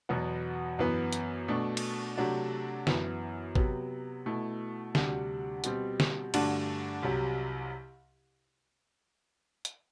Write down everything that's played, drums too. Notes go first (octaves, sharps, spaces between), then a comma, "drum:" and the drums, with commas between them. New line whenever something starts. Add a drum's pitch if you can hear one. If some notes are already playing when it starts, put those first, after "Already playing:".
E2 B2 F#3 B3 F#4
F#2 E3 B3
drum: hi-hat
B2 A3 D4
drum: cymbal
C3 F#3 A3 D4 F#4
F#2 E3 B3 E4, drum: snare
C3 F#3 B3, drum: kick
B2 A3 E4
D2 C3 G3 D4 F#4, drum: snare
B2 G3 C4, drum: hi-hat
drum: snare
G2 D3 A3 D4 F#4, drum: cymbal
C2 C3 F#3
drum: hi-hat